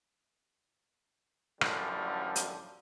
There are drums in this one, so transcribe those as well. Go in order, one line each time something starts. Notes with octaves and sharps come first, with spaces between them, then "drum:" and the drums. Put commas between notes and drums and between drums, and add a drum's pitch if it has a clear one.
A1 F#2 D3 F3 G3, drum: rim click
drum: hi-hat